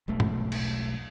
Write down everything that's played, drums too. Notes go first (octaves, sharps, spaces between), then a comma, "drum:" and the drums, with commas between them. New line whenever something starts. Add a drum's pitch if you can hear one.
E1 B1 A3
drum: tom G#2
drum: cymbal